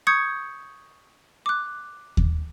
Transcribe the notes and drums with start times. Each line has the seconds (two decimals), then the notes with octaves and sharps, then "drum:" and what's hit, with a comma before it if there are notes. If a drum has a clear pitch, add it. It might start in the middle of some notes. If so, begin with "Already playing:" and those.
0.07 C#6 D#6 G6 G#6 C#7
1.46 D6 F#6
2.17 drum: kick D#2